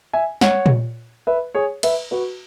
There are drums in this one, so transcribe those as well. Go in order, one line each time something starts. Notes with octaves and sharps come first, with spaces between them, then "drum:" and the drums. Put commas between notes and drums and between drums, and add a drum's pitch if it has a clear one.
E5 G#5
C#5 F#5, drum: snare
drum: tom A#2
B4 E5
G#4 C#5
B4 E5, drum: cymbal
F#4 B4